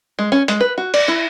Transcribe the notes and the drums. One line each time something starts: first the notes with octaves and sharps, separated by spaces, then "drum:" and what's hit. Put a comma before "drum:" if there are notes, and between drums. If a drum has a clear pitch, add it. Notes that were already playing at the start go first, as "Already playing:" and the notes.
G#3
C#4
G#3, drum: hi-hat
B4
F#4
D5, drum: cymbal
E4